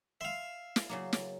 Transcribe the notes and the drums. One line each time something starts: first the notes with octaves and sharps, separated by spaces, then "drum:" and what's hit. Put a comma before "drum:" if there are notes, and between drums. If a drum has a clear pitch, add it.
E5 F5 C6
drum: snare
C#3 F#3 A#3
drum: snare